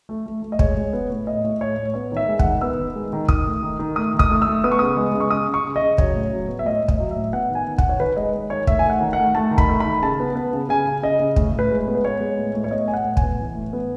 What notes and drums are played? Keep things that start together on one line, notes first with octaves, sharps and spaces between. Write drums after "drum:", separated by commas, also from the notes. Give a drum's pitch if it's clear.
A3
A3
A3
D#5
G#3 C#5, drum: kick
G#3
B3
A2
A2 D#5
A2
A2 C#5
A2
B3 C#5
D#3 E5
G#3
D#3 F#5, drum: kick
B3 E6
D#3
G#3
D#3
D#3 D#6, drum: kick
A3
D#3
D#3
A3 D#6
D#3
D#6, drum: kick
A3
E6
A3
B3 D#6
C#6
C#3 D#6
G#3
C#3
C#6
C#3 D#6
C#3
C#6
C#3
D#5
C#3
F#3 C#5, drum: kick
A2
F#3
B3
E5
A2 D#5
A2
D#5, drum: kick
F#3
E5
A2
B3 F#5
D#3
G#5
D#3
D#3 F#5, drum: kick
C#5
D#3 B4
G#3 D#5
D#3
D#3 C#5
A3 E5, drum: kick
A3 G#5
F#5
D#3
F#5
A3
A3 A5
D#3
B5, drum: kick
A3
B5
D#3
C#3 A5
B3
B3
C#3
C#3 G#5
C#3
C#3 D#5
C#3
A2, drum: kick
A2
B4
G#3
B3
B4
B3 C#5
G#3
A2
A2
C#5
B3 D#5
A2 G#5
F#5
A2
G#5, drum: kick
B3
E3
A2
B3